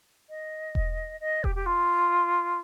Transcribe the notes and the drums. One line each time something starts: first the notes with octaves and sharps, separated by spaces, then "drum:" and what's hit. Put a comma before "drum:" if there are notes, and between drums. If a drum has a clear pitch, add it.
D#5
drum: kick E1
D#5
G4, drum: kick E1
G4
F4